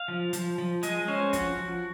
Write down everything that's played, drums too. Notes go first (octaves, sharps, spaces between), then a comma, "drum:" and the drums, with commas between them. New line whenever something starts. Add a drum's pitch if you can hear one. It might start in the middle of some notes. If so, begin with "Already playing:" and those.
Already playing: F5
F3
F3, drum: hi-hat
F3
G#3 D#5, drum: hi-hat
C#4 C5
F3 F#4, drum: kick, hi-hat
F3